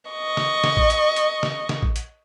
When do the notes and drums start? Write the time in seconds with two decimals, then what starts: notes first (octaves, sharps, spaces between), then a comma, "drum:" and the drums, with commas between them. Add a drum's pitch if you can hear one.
0.11 D#5 C#6
0.37 drum: snare
0.64 drum: snare
0.77 drum: kick A1
0.90 drum: hi-hat
1.16 drum: hi-hat
1.43 drum: snare
1.69 drum: snare
1.82 drum: kick A1
1.96 drum: hi-hat